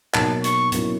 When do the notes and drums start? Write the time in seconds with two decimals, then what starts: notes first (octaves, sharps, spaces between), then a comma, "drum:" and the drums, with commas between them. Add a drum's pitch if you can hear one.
0.14 B2 F#3 A#3 D#4 A5, drum: clap
0.44 C#6, drum: hi-hat
0.72 B2 F#3 A#3 C#4 E4, drum: hi-hat